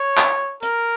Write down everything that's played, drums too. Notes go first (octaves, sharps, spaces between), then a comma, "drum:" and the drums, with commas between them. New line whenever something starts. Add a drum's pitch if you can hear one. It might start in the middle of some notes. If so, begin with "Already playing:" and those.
Already playing: C#5
drum: clap
A#4, drum: hi-hat